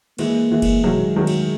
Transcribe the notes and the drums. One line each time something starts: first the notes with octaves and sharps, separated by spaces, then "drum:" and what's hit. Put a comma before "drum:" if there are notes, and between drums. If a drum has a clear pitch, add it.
E3 G#3 A#3, drum: cymbal
E3 G#3
drum: kick F1, cymbal
D#3 F#3 G#3, drum: tom
D#3 F#3
drum: cymbal